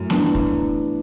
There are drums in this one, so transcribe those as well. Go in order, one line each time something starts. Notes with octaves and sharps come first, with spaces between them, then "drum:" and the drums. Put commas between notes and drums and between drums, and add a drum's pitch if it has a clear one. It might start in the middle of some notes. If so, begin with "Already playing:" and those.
Already playing: F#2 A2
E3 B3 D4, drum: snare
drum: kick